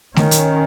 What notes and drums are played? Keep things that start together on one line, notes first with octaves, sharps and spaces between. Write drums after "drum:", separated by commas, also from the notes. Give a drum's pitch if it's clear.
D#3 C#4, drum: snare A3
drum: hi-hat